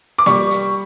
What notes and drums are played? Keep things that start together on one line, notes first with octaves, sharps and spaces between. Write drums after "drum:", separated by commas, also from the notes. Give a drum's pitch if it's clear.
D6
G3 C#6, drum: snare A#3
drum: hi-hat